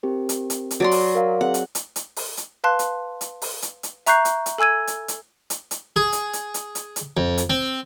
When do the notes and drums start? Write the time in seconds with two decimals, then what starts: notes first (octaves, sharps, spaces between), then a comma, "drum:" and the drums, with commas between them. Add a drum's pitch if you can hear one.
0.03 C4 G4 A#4
0.29 drum: hi-hat
0.50 drum: hi-hat
0.71 drum: hi-hat
0.80 F#3 D5 C6
0.91 drum: open hi-hat
1.15 A#4 F5
1.41 C4 G#4 F#5
1.54 drum: hi-hat
1.75 drum: hi-hat
1.96 drum: hi-hat
2.16 drum: open hi-hat
2.37 drum: hi-hat
2.64 B4 F5 A5 C6 F#6
2.79 drum: hi-hat
3.21 drum: hi-hat
3.42 drum: open hi-hat
3.62 drum: hi-hat
3.83 drum: hi-hat
4.06 E5 A#5 C#6 F#6 G6 C7, drum: hi-hat
4.25 drum: hi-hat
4.46 drum: hi-hat
4.58 A4 G#5 E6 G#6 D#7
4.87 drum: hi-hat
5.08 drum: hi-hat
5.50 drum: hi-hat
5.71 drum: hi-hat
5.96 G#4
6.13 drum: hi-hat
6.33 drum: hi-hat
6.54 drum: hi-hat
6.75 drum: hi-hat
6.96 drum: hi-hat
7.17 F2
7.38 drum: hi-hat
7.50 C4